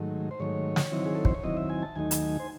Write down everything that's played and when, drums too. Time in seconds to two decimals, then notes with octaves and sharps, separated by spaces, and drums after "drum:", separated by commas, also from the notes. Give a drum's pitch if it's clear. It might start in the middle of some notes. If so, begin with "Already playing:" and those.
Already playing: G#2 D#3 F#3 A3
0.31 C5
0.40 G#2 D#3 F#3 A3 C#5
0.76 drum: snare
0.92 D#3 F#3 C4 E4
1.06 G#4
1.15 A4
1.25 C5, drum: kick
1.35 C#5
1.43 D#3 F#3 C4 E4 D#5
1.57 E5
1.70 G#5
1.82 A5
1.96 D#2 D#3 F#3 A3 D#4 G#5
2.11 drum: hi-hat
2.40 C5